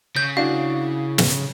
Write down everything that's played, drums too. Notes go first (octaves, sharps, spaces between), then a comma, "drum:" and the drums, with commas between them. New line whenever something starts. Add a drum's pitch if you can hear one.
C#3 G6
D4 E4 F#4 F5
drum: snare